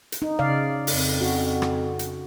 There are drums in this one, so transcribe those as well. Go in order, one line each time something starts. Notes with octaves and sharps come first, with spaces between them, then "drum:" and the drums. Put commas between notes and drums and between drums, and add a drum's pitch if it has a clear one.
drum: hi-hat
D#4
C#3 D5 F5
F2, drum: open hi-hat
F#4
drum: rim click
drum: hi-hat